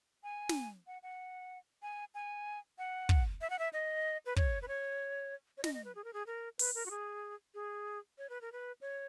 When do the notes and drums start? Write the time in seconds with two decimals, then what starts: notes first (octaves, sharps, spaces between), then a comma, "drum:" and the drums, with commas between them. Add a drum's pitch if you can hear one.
0.24 G#5
0.49 drum: snare
0.87 F#5
1.03 F#5
1.82 G#5
2.14 G#5
2.78 F#5
3.09 drum: kick
3.41 E5
3.50 F#5
3.59 E5
3.73 D#5
4.26 B4
4.36 C#5, drum: kick
4.62 B4
4.68 C#5
5.57 C#5
5.64 D#5, drum: snare
5.74 D#5
5.85 B4
5.95 G#4
6.04 A#4
6.13 G#4
6.27 A#4
6.59 B4, drum: open hi-hat
6.75 A#4
6.86 F#4
6.91 G#4
7.54 G#4
8.18 C#5
8.29 B4
8.41 A#4
8.52 B4
8.81 C#5